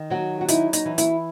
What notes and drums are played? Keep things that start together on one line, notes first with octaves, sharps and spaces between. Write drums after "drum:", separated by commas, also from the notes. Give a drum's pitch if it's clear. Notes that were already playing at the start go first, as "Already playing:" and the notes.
Already playing: D#3
F#3 F#4
F#4
D#4 E4, drum: hi-hat
D#4, drum: hi-hat
E3
E4, drum: hi-hat